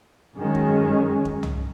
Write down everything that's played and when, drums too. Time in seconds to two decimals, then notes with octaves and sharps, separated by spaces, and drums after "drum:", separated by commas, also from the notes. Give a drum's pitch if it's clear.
0.37 F#2 D#3 G#3 C#4
0.55 drum: kick E1
1.25 drum: kick E1
1.43 drum: tom